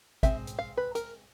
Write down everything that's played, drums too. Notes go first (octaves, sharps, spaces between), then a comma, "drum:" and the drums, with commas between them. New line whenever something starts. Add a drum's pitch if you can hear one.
G#3 C4 E5, drum: kick, hi-hat
drum: hi-hat
F5
B4
A#4, drum: hi-hat